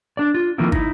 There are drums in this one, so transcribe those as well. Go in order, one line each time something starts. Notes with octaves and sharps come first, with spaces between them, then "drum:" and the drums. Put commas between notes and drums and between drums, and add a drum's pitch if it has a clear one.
D4 D5
F4
D#3 F3 A#3 C4 E4
D#4 E4, drum: kick